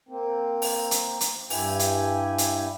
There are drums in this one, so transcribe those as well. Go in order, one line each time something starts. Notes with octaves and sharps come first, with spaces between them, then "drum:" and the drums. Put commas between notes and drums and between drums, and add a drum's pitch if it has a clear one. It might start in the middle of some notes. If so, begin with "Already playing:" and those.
A#3 C4
drum: open hi-hat
drum: hi-hat
drum: hi-hat
G2 E4 G4 G#5, drum: open hi-hat
drum: hi-hat
drum: hi-hat